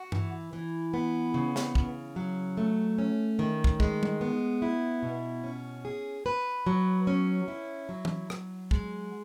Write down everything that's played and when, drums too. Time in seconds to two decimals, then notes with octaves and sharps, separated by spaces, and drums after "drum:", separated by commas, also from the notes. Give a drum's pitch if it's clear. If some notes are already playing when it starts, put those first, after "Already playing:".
Already playing: F#4
0.12 E3, drum: tom G2
0.53 E3
0.94 B3
1.34 C#3
1.56 drum: snare
1.75 C#3, drum: kick
2.16 F#3
2.57 A3
2.98 C#4
3.39 D#3
3.64 drum: kick
3.80 G#3, drum: kick
4.03 drum: tom
4.21 B3
4.62 E4
5.03 B2
5.44 C#4
5.85 G#4
6.26 B4
6.67 F#3
7.07 C#4
7.48 E4
7.89 F#3
8.05 drum: tom E3
8.30 F#3, drum: rim click
8.71 G#3, drum: kick